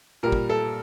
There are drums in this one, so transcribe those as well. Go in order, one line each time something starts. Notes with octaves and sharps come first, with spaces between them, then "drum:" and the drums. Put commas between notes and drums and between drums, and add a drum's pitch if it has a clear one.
A#2 G3 A#4
drum: kick
A4